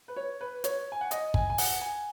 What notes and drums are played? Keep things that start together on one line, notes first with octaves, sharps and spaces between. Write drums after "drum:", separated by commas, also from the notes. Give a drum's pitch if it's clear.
B4
C#5
B4
C#5, drum: hi-hat
G#5
F#5
D#5, drum: hi-hat
G#5, drum: kick
G#5
F#5, drum: open hi-hat
G#5